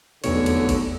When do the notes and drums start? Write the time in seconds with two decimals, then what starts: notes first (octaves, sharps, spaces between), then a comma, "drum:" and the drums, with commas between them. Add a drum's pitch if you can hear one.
0.24 F1 B1 E2 D3 C#5, drum: cymbal
0.46 drum: cymbal
0.69 drum: kick G1, cymbal